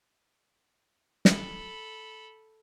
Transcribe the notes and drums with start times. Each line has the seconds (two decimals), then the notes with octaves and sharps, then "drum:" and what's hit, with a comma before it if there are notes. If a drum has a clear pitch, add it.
1.25 A4 B5, drum: snare